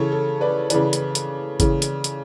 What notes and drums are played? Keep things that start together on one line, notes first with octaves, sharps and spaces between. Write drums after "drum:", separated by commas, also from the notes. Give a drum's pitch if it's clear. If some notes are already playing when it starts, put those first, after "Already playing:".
Already playing: C#3 E3 A4 C#5
A4
B4 D5
C#3 E3 B4 D5, drum: hi-hat
drum: hi-hat
drum: hi-hat
C#3 E3, drum: kick G1, hi-hat
drum: hi-hat
drum: hi-hat